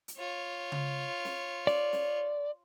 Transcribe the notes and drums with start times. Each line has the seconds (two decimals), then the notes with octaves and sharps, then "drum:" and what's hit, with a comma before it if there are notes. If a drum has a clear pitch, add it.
0.08 drum: hi-hat
0.17 F4 C#5
0.72 drum: tom C#3
1.25 drum: snare
1.67 D5, drum: snare
1.93 drum: snare